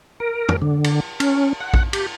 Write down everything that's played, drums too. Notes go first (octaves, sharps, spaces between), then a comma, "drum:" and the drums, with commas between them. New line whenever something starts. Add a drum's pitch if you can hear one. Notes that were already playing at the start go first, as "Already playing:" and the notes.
A#4
drum: tom
D3
drum: cymbal
C#4, drum: cymbal
F#5
drum: kick A#1
G4, drum: cymbal